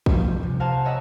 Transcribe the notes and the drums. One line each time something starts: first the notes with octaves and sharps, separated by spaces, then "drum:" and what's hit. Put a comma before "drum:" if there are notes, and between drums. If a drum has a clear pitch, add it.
F3 G3 C#4, drum: kick
G6
C3
A#4 C5 F5 F#5 G#5 A5
A#4 C#5 D#5 E5 F#5 A5